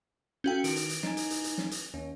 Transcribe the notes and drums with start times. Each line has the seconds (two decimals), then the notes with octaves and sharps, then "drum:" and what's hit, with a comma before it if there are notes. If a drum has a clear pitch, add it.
0.44 C#4 F#4 A4 F5 G5 G6
0.64 D#3 D7, drum: hi-hat
0.76 drum: hi-hat
0.90 drum: hi-hat
1.03 D#4 G#5, drum: snare
1.17 drum: hi-hat
1.30 drum: hi-hat
1.44 drum: hi-hat
1.58 drum: snare
1.71 drum: hi-hat
1.94 D#2 C#4